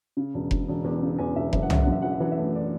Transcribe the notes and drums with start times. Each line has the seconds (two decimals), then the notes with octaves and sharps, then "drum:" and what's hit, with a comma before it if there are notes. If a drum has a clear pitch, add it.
0.17 C#3
0.34 E1
0.51 E1, drum: kick F1
0.68 E1
0.84 E2
1.02 C#3
1.18 E2 G#5
1.36 E1 E5
1.53 F#1 E5, drum: kick F1
1.63 F#5
1.70 F#1 E5, drum: tom C2
1.83 F#2 F#5
1.92 E5
2.02 E3 F#5
2.12 E5
2.20 E3 F#5
2.32 E5
2.38 A3
2.55 D5